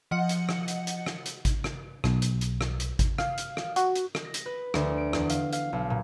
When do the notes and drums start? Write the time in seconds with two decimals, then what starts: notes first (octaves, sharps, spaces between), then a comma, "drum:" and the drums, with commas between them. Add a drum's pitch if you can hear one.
0.11 F3 D#5 F#5 C#7
0.29 drum: hi-hat
0.49 drum: rim click
0.68 drum: hi-hat
0.87 drum: hi-hat
1.06 drum: rim click
1.26 drum: hi-hat
1.45 drum: kick G#1, hi-hat
1.64 drum: rim click
2.04 B1, drum: rim click
2.22 drum: hi-hat
2.41 drum: hi-hat
2.61 drum: rim click
2.80 drum: hi-hat
2.99 drum: kick G#1, hi-hat
3.18 F5, drum: rim click
3.38 drum: hi-hat
3.57 drum: rim click
3.76 F#4, drum: hi-hat
3.96 drum: hi-hat
4.15 drum: rim click
4.25 A#6
4.34 drum: hi-hat
4.46 B4
4.74 D2, drum: rim click
4.98 D7
5.13 E2, drum: rim click
5.30 F5, drum: hi-hat
5.53 F5, drum: hi-hat
5.73 B1
5.90 A#2